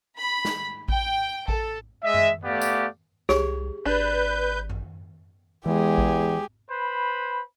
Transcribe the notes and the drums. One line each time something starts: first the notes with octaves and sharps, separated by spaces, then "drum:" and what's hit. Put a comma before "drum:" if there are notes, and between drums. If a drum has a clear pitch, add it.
B5
drum: snare
G5, drum: kick A1
A4, drum: kick A1
G#3 D#5 E5
drum: tom F#2
A3 B3 G4 D5 F5
drum: tambourine
C2 G4 G#4 C#5, drum: snare
G#1 D4 B4 G6
drum: tom F#2
E2 E3 G#3 G4 G#4
drum: kick A1
B4 C5 B5